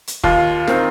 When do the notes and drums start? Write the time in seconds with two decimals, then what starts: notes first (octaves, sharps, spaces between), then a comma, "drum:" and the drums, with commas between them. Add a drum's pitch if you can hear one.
0.07 drum: hi-hat
0.24 D#2 F4, drum: kick F1
0.67 D#3 C4 D#4, drum: snare